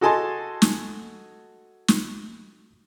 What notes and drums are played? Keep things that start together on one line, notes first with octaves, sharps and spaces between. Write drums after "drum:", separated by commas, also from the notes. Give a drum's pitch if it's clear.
F#4 A4 D#5 G#5 A5 C6
drum: snare
drum: snare